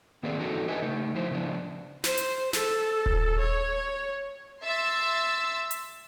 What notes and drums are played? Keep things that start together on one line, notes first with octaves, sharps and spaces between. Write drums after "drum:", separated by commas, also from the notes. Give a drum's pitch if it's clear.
D#3 A#3 C4 G#4 B4 D5
D3 E3 D#4 F#4 A4
G4 A4 B4 D#5 E5 G#5
C#3 A3 D#4
F3 E4 C5
C#3 F3 B3 D4
C5, drum: snare
drum: hi-hat
A4, drum: snare
drum: kick D#1
C#5
E5 C6 E6 A6
drum: hi-hat